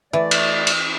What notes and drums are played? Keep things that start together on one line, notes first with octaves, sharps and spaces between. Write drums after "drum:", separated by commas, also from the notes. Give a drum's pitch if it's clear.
E3 A3 D5
drum: cymbal
drum: cymbal